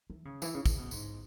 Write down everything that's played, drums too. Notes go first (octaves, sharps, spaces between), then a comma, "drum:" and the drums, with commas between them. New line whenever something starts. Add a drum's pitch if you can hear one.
E3
C#3
E3, drum: tambourine
C#3
C#3, drum: kick, tambourine
B2
G#2, drum: tambourine